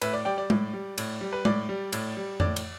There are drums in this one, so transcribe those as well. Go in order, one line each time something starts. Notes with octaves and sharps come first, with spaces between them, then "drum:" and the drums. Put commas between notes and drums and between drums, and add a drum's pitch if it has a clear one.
A2 B4 E5, drum: cymbal
D5
G3 D5 G5
D5
A2, drum: tom G#3
G3
A2, drum: cymbal
G3
B4
A2 D5, drum: tom G#3
G3
A2, drum: cymbal
G3
A2 D5, drum: tom F2
drum: cymbal